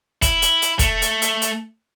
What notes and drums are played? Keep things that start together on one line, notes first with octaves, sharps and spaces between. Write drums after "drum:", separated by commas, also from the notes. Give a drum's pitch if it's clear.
E4, drum: kick, hi-hat
drum: hi-hat
drum: hi-hat
A3, drum: kick, hi-hat
drum: hi-hat
drum: hi-hat
drum: hi-hat